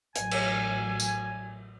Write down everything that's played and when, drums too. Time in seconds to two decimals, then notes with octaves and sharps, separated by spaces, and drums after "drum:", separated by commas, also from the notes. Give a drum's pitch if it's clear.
0.16 A1 F#3 G#5, drum: hi-hat
0.31 drum: cymbal
1.00 drum: tambourine